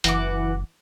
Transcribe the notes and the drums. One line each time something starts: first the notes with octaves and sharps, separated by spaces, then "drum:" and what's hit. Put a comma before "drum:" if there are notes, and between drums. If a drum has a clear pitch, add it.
F#1 E3 F#4 F#5 D6, drum: hi-hat